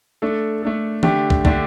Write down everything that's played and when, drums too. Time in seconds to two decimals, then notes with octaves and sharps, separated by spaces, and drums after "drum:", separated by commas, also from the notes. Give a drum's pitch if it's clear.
0.22 A3 D4 A4
0.63 A3 D4 A4
1.03 D3 A3 D4 G4, drum: tom
1.30 drum: kick
1.45 D3 A3 D4 G4, drum: kick